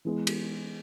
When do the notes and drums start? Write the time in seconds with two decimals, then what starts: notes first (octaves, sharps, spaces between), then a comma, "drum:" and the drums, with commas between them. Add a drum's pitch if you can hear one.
0.05 E3 G#3 B3
0.27 drum: cymbal